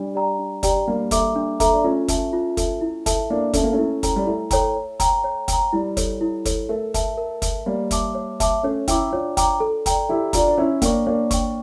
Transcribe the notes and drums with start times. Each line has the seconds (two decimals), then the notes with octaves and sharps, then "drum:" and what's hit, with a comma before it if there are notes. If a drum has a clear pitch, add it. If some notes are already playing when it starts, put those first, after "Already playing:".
Already playing: G3 D4
0.15 G4 D5 G5 A#5
0.39 D4
0.63 G4 D5 G5 A#5, drum: kick, hi-hat
0.87 G3 A#3 D4
1.11 A4 E5 A#5 D6, drum: kick, hi-hat
1.36 D4
1.60 A4 E5 A#5 D6, drum: kick, hi-hat
1.73 D4
1.84 A3 C#4 F4
2.08 A4 E5 A5, drum: kick, hi-hat
2.33 F4
2.57 A4 E5 A5, drum: kick, hi-hat
2.81 E4
3.06 A4 E5 A5, drum: kick, hi-hat
3.30 A#3 D4 E4
3.53 C#4 A4 E5 A5, drum: kick, hi-hat
3.64 A#3
3.73 A3 C#4
3.78 E4
4.03 A4 C#5 G5 A#5, drum: kick, hi-hat
4.16 G3
4.26 A3 E4
4.51 A4 C#5 G5 A#5, drum: kick, hi-hat
4.76 C#5
5.00 G5 A#5, drum: kick, hi-hat
5.24 C#5
5.48 G5, drum: kick, hi-hat
5.53 A#5
5.73 G3 E4
5.97 A4 C#5, drum: kick, hi-hat
6.21 E4
6.45 A4 C#5, drum: kick, hi-hat
6.69 A3 A#4
6.94 E5 A5, drum: kick, hi-hat
7.18 A#4
7.42 E5 A5, drum: kick, hi-hat
7.66 G3 A#3 C#5
7.91 E5 A5 D6, drum: kick, hi-hat
8.15 C#5
8.40 E5 A5 D6, drum: kick, hi-hat
8.63 A3 C#4 C#5
8.88 C#4 E4 G5 A#5 D6, drum: kick, hi-hat
9.12 D4 F4 C#5
9.37 G5 A#5 D6, drum: kick, hi-hat
9.60 A4
9.86 D5 G5 A#5, drum: kick, hi-hat
10.09 E4 G4 A4
10.33 D4 F4 D5 G5 A#5, drum: kick, hi-hat
10.48 D4
10.58 C#4 E4 C#5
10.82 A#3 D4 G5 C#6, drum: kick, hi-hat
11.07 A#3 D4 C#5
11.31 G5 C#6, drum: kick, hi-hat